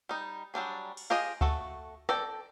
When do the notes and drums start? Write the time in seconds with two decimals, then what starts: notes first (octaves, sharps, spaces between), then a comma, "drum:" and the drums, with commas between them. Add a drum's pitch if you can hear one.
0.09 G3 D#4
0.54 F#3 G3 D4 G#4
0.97 drum: cymbal
1.10 F4 G4 G#4 D#5
1.41 A3 F#4 A4, drum: kick
2.09 A4 D5 G5, drum: rim click